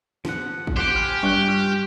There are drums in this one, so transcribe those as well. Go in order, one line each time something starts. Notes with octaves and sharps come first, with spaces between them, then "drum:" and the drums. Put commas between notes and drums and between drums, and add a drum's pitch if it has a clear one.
F3 F#5, drum: snare
drum: kick
G4 C5 F#5 G5
G#5 B5 F6
G2 C#6 F#6
F4 F6